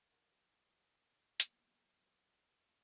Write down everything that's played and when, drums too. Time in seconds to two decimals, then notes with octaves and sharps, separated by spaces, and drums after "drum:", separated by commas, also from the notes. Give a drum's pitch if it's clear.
0.12 A#4 F#5 C#6 A#6
1.40 F#3 A#3 B3, drum: hi-hat